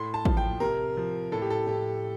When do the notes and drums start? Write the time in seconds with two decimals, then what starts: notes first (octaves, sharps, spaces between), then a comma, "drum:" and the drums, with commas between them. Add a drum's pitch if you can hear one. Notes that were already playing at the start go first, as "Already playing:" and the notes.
Already playing: A2 C6
0.14 A5
0.25 F3, drum: kick
0.37 G5
0.60 C3 A#4
0.97 F3
1.32 A2 A4
1.42 G4
1.50 A4
1.67 A2 G4